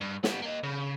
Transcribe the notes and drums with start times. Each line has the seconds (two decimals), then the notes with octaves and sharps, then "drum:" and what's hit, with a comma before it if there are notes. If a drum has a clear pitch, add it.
0.01 G2
0.24 G3 B3, drum: snare
0.42 A#3 D#5
0.63 C#3